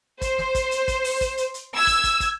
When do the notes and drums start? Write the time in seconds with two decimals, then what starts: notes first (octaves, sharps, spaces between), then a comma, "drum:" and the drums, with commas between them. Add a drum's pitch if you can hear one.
0.22 C5, drum: kick, hi-hat
0.38 drum: snare
0.55 drum: kick, hi-hat
0.71 drum: hi-hat
0.88 drum: kick, hi-hat
1.04 drum: open hi-hat
1.21 drum: kick, hi-hat
1.37 drum: hi-hat
1.54 drum: hi-hat
1.76 E6 G#6
1.87 drum: kick, hi-hat
2.04 drum: kick, hi-hat
2.20 drum: kick, hi-hat